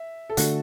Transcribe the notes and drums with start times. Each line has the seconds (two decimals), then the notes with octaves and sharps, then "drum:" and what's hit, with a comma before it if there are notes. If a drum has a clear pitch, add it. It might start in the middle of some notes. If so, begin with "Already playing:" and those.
Already playing: E5
0.30 A4
0.37 D3 A3 D4 F#4, drum: hi-hat